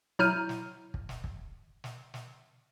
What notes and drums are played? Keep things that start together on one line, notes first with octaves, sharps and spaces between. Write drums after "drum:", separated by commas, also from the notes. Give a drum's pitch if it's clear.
F#3 E4 A#5 F6 G6 D#7, drum: snare
drum: snare
drum: kick
drum: snare
drum: kick
drum: snare
drum: snare